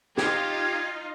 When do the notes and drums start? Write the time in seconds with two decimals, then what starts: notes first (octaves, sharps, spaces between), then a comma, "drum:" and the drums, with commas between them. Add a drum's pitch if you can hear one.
0.17 D#4 F4 G4 G#6, drum: snare